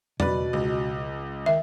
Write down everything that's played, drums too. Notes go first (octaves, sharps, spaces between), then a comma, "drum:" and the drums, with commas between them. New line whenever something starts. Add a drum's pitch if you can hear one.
B2 B4 D5, drum: tom
C#2
D#3 E5